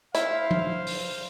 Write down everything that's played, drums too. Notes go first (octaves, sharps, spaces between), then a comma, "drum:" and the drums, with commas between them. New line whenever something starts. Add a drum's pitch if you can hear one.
E4 C5 F5, drum: hi-hat
drum: tom F3
drum: open hi-hat